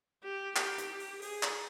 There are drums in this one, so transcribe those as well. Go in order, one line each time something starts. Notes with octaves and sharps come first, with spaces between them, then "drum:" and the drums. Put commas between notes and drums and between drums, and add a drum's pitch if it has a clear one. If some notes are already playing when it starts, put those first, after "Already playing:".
G4
G4, drum: clap
drum: hi-hat
drum: open hi-hat
G#4, drum: open hi-hat
drum: clap